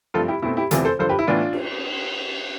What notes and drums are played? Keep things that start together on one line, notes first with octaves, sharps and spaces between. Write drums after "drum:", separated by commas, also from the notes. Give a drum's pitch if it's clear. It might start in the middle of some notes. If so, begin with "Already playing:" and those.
G2 F3 A3 C4 F4 A4
E4 G4
B2 A3 C4 E4
E4 G4
E2 C3 E3 A3 C4 F4 A4, drum: hi-hat
A4 C5
G2 D3 F3 A4 C5
G4 B4
E4
A2 E3 B3 D4 F4
drum: cymbal